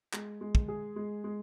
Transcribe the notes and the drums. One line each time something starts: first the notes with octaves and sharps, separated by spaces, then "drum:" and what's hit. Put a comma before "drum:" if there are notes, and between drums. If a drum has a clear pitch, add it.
G#3, drum: clap
G#3
drum: kick
G#4
G#3
G#3